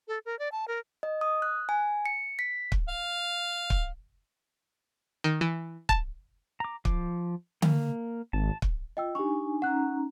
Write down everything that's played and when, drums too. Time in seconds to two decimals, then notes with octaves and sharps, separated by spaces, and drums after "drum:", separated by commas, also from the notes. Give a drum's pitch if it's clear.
0.08 A4
0.25 A#4
0.39 D5
0.52 A5
0.68 A#4
1.03 D#5
1.21 D#6
1.42 F#6
1.69 G#5
2.06 C#7
2.39 B6
2.72 drum: kick
2.89 F5
3.70 drum: kick
5.24 D#3
5.41 E3
5.89 A5, drum: kick
6.60 A#5 D6
6.85 F3 D6, drum: kick
7.62 A#3, drum: tom D3
8.33 G#1 A5
8.62 drum: kick
8.97 F4 D#5 G5 E6
9.15 D4 D#4 G4 G#5 C#6
9.62 C#4 D#4 F#5 A#5 F#6